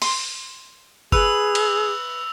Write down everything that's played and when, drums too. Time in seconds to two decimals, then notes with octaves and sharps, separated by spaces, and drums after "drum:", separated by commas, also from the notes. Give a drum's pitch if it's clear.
0.02 C6, drum: open hi-hat
1.12 G#4 B4 E6 F7, drum: kick G1
1.55 drum: cymbal